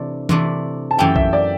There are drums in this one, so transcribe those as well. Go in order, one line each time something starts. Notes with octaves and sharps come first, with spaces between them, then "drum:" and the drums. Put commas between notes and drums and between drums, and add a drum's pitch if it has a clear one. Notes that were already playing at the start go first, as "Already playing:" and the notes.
Already playing: C3 E3 A3 D4
C3 E3 A3 D4, drum: tom E3
A5
F#2 E3 A3 E4 G4 G5
E5, drum: kick A#1
D5